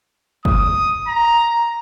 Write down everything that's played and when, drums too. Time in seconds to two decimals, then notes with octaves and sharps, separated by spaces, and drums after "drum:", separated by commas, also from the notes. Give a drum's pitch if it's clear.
0.45 D#6, drum: kick
1.07 A#5